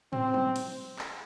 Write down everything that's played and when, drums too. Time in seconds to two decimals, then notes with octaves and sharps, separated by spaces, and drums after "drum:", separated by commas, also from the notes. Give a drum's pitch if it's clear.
0.13 C4, drum: tom
0.34 drum: tom F3
0.56 drum: cymbal
0.99 drum: clap